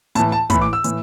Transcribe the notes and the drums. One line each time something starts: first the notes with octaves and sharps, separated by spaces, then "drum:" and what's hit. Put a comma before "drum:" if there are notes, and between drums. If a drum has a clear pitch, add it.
A2 E3 A5, drum: hi-hat
A5
A2 E3 B5, drum: kick, hi-hat
D6
E6
A2 E3, drum: hi-hat